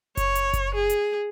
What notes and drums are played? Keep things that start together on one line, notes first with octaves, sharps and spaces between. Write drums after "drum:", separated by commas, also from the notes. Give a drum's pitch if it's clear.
C#5, drum: kick F#1, hi-hat
drum: hi-hat
drum: kick F#1, hi-hat
G#4
drum: hi-hat